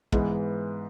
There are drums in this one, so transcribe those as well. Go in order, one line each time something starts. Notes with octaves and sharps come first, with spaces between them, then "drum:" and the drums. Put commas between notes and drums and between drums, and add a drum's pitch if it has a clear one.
G#2 E3 G#3 B3 D#4, drum: kick